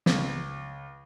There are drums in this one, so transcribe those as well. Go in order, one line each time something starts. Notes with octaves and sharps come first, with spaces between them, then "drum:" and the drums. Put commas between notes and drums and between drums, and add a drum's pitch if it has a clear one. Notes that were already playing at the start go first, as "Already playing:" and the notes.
C#2, drum: snare